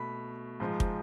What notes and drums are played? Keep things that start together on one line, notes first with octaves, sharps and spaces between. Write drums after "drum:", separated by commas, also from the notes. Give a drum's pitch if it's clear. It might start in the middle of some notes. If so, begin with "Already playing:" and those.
Already playing: B2 A3 B5
G#2 F3 G#3
drum: kick